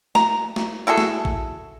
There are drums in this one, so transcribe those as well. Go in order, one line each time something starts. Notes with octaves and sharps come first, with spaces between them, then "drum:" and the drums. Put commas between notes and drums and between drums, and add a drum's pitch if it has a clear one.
A#5, drum: snare
drum: snare
E4 F#4 G#4 A4
drum: snare
drum: kick A1